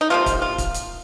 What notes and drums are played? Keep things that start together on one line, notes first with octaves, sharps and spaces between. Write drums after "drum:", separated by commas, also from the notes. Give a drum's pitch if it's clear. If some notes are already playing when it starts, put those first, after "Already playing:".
D#4
C3 F3 A#3 F4
drum: kick, hi-hat
F4
drum: kick, hi-hat
drum: hi-hat